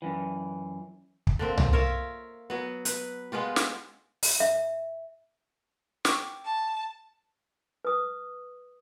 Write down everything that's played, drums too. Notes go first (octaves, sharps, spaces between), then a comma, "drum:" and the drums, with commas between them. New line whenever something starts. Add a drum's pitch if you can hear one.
F#2 E3
drum: kick
D3 A#3 C4
drum: tom C2
F4 A#4 C#5 E5
F#3 B3
B4, drum: hi-hat
G#3 B3 F4 G4
drum: snare
drum: open hi-hat
E5
G5 C#6 D6, drum: snare
A5
B4 D#6